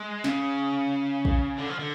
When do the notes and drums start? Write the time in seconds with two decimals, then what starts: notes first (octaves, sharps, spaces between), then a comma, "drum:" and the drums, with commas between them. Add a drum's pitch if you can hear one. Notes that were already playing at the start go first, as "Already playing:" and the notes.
Already playing: G#3
0.24 C#3, drum: snare
1.25 drum: kick
1.58 D3
1.69 F3
1.79 D3